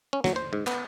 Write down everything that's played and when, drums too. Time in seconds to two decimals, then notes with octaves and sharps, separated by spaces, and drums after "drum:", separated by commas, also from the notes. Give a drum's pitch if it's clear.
0.13 C#4
0.24 F#3, drum: snare
0.36 C5
0.53 G#2
0.67 B3, drum: clap